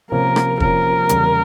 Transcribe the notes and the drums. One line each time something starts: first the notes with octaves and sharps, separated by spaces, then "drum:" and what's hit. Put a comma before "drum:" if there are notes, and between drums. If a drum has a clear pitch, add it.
C3 F3 A#3 C#4 A#4
drum: rim click
C3 F3 A#3 C#4 A#4, drum: kick
E2 C#3 G3, drum: hi-hat